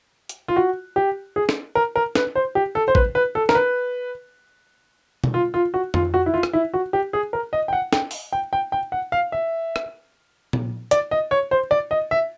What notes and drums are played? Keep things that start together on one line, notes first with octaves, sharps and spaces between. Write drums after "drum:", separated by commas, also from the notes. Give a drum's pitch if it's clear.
drum: hi-hat
F4
F#4
G4
G#4
drum: snare
A#4
A#4
B4, drum: snare
C5
G4
A4
C5
B4, drum: kick
B4
A4
A#4, drum: snare
B4
drum: tom B2
F4
F4
F#4
F4, drum: tom F2
F#4
E4
F4
drum: rim click
E4
F#4
G4
G#4
A#4
D#5
G5
F#5
G5, drum: snare
drum: open hi-hat
G5
G5
G5
F#5
F5
E5
drum: rim click
drum: tom A#2
D5, drum: hi-hat
D#5
C#5
C5
D5
D#5
E5